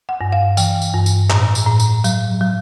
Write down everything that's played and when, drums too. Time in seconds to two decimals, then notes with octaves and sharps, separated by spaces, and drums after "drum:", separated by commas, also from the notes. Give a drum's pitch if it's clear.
0.09 F#5
0.21 G2
0.32 F5
0.57 E3 G5, drum: tambourine
0.82 drum: tambourine
0.94 G2
1.06 drum: tambourine
1.30 A2, drum: clap
1.55 drum: tambourine
1.67 A2
1.80 drum: tambourine
2.04 F#3, drum: tambourine
2.41 F#3